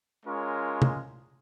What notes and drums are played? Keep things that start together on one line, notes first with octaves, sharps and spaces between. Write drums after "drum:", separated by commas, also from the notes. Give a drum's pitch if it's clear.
G#3 C#4 F4 A#4 C#5
drum: tom